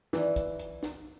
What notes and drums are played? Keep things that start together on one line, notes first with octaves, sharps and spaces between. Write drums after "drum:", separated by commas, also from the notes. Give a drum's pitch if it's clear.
E3 F#3 D5, drum: snare
drum: kick, hi-hat
drum: hi-hat
drum: snare